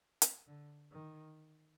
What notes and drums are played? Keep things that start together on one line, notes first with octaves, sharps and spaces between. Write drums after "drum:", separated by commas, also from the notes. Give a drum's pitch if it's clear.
drum: hi-hat
D3
D#3